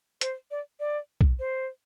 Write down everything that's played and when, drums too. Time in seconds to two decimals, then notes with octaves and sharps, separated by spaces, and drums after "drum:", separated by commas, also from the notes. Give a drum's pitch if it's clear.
0.21 C5, drum: hi-hat
0.51 D5
0.80 D5
1.21 drum: kick B1
1.39 C5